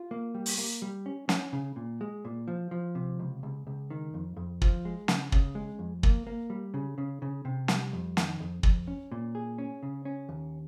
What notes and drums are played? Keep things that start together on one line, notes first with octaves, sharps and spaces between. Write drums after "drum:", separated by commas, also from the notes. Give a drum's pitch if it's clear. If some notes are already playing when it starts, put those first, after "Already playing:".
Already playing: F4
A#3
G3
drum: open hi-hat
A#3
G3
C#4
C#4, drum: snare
C#3
A#2
G#3
A#2
F3
F3
C3
C#2
C#2
C#2
D#3
F2
F2
F3, drum: kick
G#3
C#3, drum: snare
C#3, drum: kick
G#3
F2
A#3, drum: kick
A#3
G3
C#3
C#3
C#3
C3
G3, drum: snare
F2
D#3, drum: snare
F2
F2, drum: kick
C#4
A#2
G#4
C#4
C#3
C#4
D#2